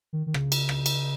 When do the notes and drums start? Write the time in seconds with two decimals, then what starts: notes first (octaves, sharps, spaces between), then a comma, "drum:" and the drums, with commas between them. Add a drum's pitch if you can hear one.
0.13 D#3
0.27 D#3
0.34 C#3, drum: rim click
0.52 drum: cymbal
0.69 drum: rim click
0.86 drum: cymbal